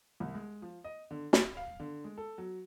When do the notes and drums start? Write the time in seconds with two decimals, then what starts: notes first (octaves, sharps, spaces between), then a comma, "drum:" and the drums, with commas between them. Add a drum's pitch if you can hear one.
0.20 C2
0.34 G#3
0.62 F3
0.84 D#5
1.11 D3
1.33 B5, drum: snare
1.57 F5
1.80 D3
2.04 G#3
2.18 A4
2.38 F#3